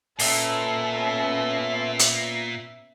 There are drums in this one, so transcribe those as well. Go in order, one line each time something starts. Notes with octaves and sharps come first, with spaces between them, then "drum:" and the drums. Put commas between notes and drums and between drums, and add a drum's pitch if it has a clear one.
A#2 B3 C#4 A4 E5, drum: open hi-hat
drum: hi-hat